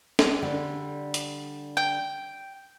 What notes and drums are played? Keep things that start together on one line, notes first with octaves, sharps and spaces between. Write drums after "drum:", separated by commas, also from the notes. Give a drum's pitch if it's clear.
drum: snare
D3 G3
drum: hi-hat
G5